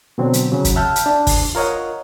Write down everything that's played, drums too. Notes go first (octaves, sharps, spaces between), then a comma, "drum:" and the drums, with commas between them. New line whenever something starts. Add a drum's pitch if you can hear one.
B2 D3 F#3 C4
drum: hi-hat
C#3 F#3
drum: kick, hi-hat
E5 F#5 A5 F6 G6
drum: hi-hat
D4
drum: kick, open hi-hat
F4 A#4 C#5 D#5 F#5